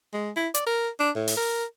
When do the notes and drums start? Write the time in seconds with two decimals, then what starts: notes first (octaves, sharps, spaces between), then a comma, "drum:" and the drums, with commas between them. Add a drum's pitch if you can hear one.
0.14 G#3
0.37 E4
0.54 D5, drum: hi-hat
0.67 A#4
1.00 D4
1.16 A2
1.28 drum: open hi-hat
1.37 A#4